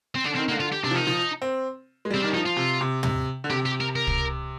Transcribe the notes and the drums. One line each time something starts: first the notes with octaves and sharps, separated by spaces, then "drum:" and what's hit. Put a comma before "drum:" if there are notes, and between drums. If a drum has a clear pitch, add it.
C4
D3 D4
D#3 C4
D3 A#3
F4
G4
C3 D4
F3
D#3 D#4
F3, drum: snare
C4
G#3
G3 C4
D#3 D4
F3 D#4
F4
C3
C3
C3, drum: tom
D3
C3 G4
G4
A#4
A#4
drum: kick